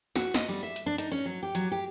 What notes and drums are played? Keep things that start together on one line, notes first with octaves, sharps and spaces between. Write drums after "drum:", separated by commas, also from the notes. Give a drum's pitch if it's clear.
F#4, drum: snare
D#5, drum: snare
G3
E5
drum: hi-hat
D4
D#4, drum: hi-hat
C#4
F#3
G4
F#3, drum: hi-hat
G4